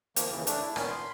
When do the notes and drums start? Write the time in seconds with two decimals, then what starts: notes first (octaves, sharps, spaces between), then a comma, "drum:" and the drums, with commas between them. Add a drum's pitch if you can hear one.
0.16 D#3 F3 A#3, drum: hi-hat
0.31 D#2 C#3 E3
0.47 A3 D4, drum: hi-hat
0.61 E4
0.76 A#2 D#3 B3 C#4 A#4, drum: rim click
0.88 B5 C6